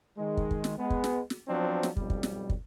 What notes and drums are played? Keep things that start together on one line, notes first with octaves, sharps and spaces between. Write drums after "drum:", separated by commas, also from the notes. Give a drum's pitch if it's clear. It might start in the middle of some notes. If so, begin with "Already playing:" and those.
D#3 G#3
drum: kick
drum: kick
drum: snare
G#3 B3
drum: kick
drum: snare
drum: snare
F3 F#3 B3 C4 D4
drum: snare
B1 F2 G3, drum: kick
drum: kick
drum: snare
drum: kick